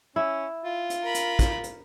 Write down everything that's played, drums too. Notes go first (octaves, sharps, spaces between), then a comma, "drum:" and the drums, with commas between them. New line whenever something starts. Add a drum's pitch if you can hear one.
C#4 E4
F4
drum: hi-hat
A#4 B5
drum: hi-hat
drum: kick, hi-hat
drum: hi-hat